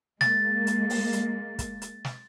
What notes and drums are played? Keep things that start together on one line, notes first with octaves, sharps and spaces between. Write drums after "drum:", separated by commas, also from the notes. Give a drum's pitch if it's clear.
G#3 A#3 A6, drum: snare
drum: hi-hat
drum: open hi-hat
drum: hi-hat
drum: kick, hi-hat
drum: hi-hat
drum: snare